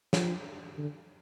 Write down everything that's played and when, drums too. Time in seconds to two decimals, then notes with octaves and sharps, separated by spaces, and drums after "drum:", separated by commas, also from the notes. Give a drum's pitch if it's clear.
0.13 F3, drum: snare
0.78 D3